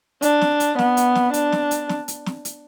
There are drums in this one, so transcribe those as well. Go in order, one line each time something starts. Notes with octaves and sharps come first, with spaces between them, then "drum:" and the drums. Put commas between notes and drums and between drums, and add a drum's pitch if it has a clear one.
D4, drum: hi-hat
drum: snare
drum: hi-hat
B3, drum: snare
drum: hi-hat
drum: snare
D4, drum: hi-hat
drum: snare
drum: hi-hat
drum: snare
drum: hi-hat
drum: snare
drum: hi-hat